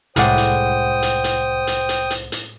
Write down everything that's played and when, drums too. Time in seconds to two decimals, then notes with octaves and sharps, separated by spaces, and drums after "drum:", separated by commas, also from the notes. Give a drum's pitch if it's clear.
0.16 C2 A2 G#3 C5 D5 F#5 G5 D#6, drum: hi-hat
0.38 drum: hi-hat
1.03 drum: hi-hat
1.24 drum: hi-hat
1.67 drum: hi-hat
1.89 drum: hi-hat
2.11 drum: hi-hat
2.32 drum: hi-hat